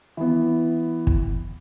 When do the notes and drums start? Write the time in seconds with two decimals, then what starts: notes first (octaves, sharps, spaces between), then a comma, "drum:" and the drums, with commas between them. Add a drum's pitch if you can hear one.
0.17 E3 B3
1.07 drum: kick